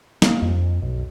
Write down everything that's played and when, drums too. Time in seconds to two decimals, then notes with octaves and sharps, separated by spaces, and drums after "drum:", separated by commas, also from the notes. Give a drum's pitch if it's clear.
0.22 A#3, drum: snare
0.42 F2
0.82 B1